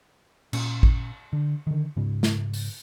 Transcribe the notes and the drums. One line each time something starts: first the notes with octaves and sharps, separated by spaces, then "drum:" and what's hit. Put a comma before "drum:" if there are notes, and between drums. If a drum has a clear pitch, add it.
A#2 C#4, drum: cymbal
drum: kick A1
D3
D3 D#3
G#2 C#3
drum: snare
drum: open hi-hat